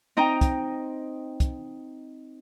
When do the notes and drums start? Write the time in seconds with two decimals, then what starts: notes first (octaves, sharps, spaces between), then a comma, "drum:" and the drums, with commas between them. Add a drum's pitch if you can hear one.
0.17 C4 D#4 D#5 G5 A#5
0.41 drum: kick, hi-hat
1.40 drum: kick, hi-hat